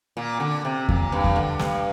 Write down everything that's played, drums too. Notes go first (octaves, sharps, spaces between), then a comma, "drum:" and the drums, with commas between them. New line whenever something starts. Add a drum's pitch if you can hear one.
A#2
D3
C3
A#2, drum: kick E2
G2
drum: kick E2
D3
G2, drum: snare